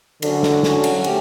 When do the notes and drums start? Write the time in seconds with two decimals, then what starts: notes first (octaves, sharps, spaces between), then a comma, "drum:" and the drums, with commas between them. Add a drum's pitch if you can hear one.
0.22 D3 F#3 C#4 F#4, drum: cymbal
0.43 drum: snare
0.63 F#3 C#4 F#4, drum: snare
0.84 drum: cymbal
1.04 A3 C#4 G4, drum: cymbal